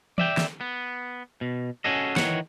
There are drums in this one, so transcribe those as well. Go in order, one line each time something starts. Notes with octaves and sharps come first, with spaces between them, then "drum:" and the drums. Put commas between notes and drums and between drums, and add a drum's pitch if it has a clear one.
D5 E5 G5, drum: tom E3
drum: snare
B3
B2
C#4 F#4 G#4 A4 D#5
D#3 E3 C#5 F#5, drum: snare